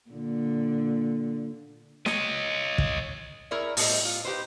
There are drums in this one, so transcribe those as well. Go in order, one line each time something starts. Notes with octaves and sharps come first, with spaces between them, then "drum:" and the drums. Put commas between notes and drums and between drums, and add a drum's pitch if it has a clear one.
A#2 D3
C#5 D#5, drum: snare
drum: kick
E4 G#4 A#4 C#5 D5 E5
A2 G3 C#4 D4 C5 D#5, drum: open hi-hat
F4
D#4 G4 B4 C5